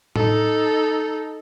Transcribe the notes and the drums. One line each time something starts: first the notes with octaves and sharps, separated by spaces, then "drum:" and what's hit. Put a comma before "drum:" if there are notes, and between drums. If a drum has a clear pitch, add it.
D#4 A4, drum: tom A2